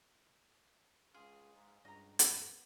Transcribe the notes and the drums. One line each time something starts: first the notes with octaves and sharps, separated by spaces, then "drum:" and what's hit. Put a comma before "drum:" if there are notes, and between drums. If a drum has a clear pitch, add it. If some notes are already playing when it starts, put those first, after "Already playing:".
C#2 G#4 F5 G#5 C6
G#2
C#2 G2 D#5 A#5
A#3 B3, drum: hi-hat